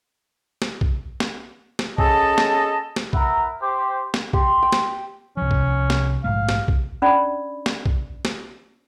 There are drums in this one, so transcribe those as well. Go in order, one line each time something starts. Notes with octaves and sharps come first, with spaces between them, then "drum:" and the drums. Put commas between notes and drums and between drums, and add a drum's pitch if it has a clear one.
drum: snare
drum: kick
drum: snare
drum: snare
C#4 G#4 A4 D#5 A5, drum: kick
drum: snare
drum: snare
E4 A#4 B4 E5 F#5 A#5, drum: kick
G4 C5
drum: snare
G4 C6, drum: kick
G5
drum: snare
C2 F3 C#4
drum: kick
drum: snare
A#1 G#2 A3 F5
drum: snare
drum: kick
C#4 D4 D5 B5
drum: snare
drum: kick
drum: snare